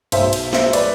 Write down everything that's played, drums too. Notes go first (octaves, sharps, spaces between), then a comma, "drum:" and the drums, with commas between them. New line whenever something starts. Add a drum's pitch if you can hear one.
B1 B2 C5 E5, drum: cymbal
drum: cymbal
C5 E5, drum: snare
B4 D5, drum: cymbal